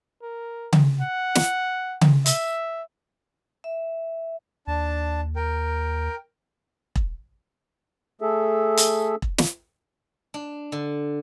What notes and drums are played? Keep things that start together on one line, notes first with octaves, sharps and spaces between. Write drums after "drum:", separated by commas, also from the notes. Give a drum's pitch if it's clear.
A#4
drum: tom C#3
F#5
drum: snare
drum: tom C#3
E5, drum: hi-hat
E5
D#2 D4 A5
A#4 G5
drum: kick E1
A3 G#4 A4 E5
drum: hi-hat
drum: kick E1
drum: snare
D4
D3